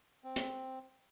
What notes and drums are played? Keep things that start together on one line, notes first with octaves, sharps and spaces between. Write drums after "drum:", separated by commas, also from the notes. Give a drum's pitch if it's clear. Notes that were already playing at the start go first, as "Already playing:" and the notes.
C4
drum: hi-hat